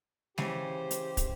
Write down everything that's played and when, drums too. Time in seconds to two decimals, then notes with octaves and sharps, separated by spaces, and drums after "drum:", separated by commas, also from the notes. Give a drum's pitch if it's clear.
0.38 C#3 E3 G4 C5, drum: snare
0.91 drum: hi-hat
1.17 drum: kick, hi-hat